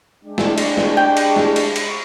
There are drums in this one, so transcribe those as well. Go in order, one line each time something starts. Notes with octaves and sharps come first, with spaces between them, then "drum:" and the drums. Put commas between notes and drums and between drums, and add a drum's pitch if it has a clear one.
G#3 D4 G4
drum: snare
drum: cymbal
drum: snare
G5
drum: cymbal
drum: snare
drum: cymbal
drum: cymbal